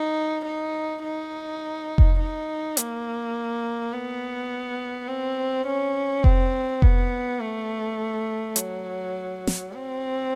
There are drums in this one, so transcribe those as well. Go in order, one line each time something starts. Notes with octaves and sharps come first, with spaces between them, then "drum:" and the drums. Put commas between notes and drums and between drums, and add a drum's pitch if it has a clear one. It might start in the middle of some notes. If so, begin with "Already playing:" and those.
Already playing: D#4
D#4
D#4
drum: kick F1
D#4
A#3, drum: hi-hat
B3
C4
C#4
C4, drum: kick F1
B3, drum: kick F1
A3
F#3, drum: hi-hat
drum: snare
C4